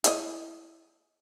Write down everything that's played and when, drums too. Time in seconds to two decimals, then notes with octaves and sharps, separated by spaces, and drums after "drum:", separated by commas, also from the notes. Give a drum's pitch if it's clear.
0.04 E4 C#5 D#5, drum: hi-hat